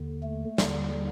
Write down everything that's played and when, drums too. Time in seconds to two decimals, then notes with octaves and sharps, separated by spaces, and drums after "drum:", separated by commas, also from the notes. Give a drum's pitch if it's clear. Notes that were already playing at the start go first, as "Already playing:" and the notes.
Already playing: D#2 D3
0.23 A3
0.58 D#2 D3 G3, drum: snare